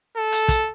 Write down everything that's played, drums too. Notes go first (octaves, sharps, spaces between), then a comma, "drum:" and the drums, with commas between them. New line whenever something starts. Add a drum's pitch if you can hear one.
A4
drum: hi-hat
drum: kick, hi-hat